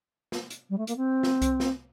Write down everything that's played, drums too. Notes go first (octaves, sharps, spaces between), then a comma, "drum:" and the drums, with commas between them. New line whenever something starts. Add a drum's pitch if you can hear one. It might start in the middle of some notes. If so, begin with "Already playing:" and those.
drum: snare
drum: hi-hat
G3
A3
A#3, drum: hi-hat
C4
drum: snare
drum: kick C2, hi-hat
drum: snare